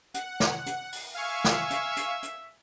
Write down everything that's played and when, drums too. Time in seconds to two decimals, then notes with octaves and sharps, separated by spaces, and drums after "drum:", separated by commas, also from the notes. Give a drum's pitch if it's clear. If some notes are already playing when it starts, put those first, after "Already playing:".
0.14 F#5, drum: hi-hat
0.40 drum: snare
0.66 drum: hi-hat
0.92 drum: open hi-hat
1.14 E5 F5 G#5 C#6
1.44 drum: snare
1.70 drum: hi-hat
1.97 drum: hi-hat
2.23 drum: hi-hat